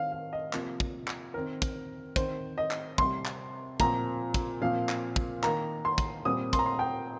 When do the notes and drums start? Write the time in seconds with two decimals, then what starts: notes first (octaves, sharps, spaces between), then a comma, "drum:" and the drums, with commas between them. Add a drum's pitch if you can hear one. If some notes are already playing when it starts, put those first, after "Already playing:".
Already playing: D#3 C4 F5
0.12 F5
0.33 D#5
0.53 C3 F3 A#3, drum: clap
0.80 drum: kick
1.07 drum: clap
1.34 D#3 C4 A#4
1.62 drum: kick, hi-hat
2.16 D#3 C4 C5, drum: kick, hi-hat
2.58 D#5
2.71 drum: clap
2.98 C3 G3 C4 C6, drum: kick
3.25 drum: clap
3.80 A#2 F3 C4 A#5, drum: kick, hi-hat
4.34 drum: kick, hi-hat
4.61 A#2 F3 C4 F5
4.89 drum: clap
5.16 drum: kick
5.43 D#3 A#3 A#5, drum: clap
5.85 C6
5.98 drum: kick, hi-hat
6.25 A#2 G3 C4 D#6
6.53 C6, drum: kick, hi-hat
6.59 A#5
6.66 C6
6.79 G5